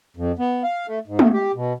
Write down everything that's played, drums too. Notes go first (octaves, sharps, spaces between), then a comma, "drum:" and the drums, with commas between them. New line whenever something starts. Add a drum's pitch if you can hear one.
F2
B3
F5
A3
G#2
A3, drum: tom
G4
B2